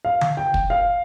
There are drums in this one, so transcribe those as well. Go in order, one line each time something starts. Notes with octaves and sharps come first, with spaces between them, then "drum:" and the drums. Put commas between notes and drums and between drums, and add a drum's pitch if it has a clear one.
F5
drum: tom D3
G5
drum: kick
F5